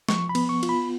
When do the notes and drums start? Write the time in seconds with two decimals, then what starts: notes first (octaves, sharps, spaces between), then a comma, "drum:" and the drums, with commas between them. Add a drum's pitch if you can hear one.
0.09 F3 C#6, drum: snare
0.29 B5
0.35 B3, drum: cymbal
0.49 C#6
0.63 F4, drum: cymbal
0.69 B5